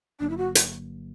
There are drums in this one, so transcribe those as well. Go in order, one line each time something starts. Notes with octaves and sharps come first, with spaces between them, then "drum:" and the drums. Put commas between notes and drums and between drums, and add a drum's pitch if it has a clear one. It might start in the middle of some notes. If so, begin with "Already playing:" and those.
G1 G2 D3 F#3 A#3 D4
E4
F#4
drum: hi-hat